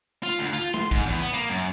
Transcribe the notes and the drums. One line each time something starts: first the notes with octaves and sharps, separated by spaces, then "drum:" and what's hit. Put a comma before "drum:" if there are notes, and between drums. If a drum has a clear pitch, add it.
F4
D2
F4
C6, drum: snare
G#2, drum: kick
E2
B3
A#3
F#2